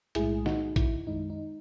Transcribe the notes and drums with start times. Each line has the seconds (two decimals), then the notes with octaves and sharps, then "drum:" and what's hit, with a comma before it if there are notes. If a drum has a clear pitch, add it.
0.15 B1 A2 G#3 E4 G#4, drum: hi-hat
0.46 D#4 F#4, drum: snare
0.76 E4, drum: kick A#1, hi-hat
1.07 F#2 D#3 G#3 D#4
1.30 D#4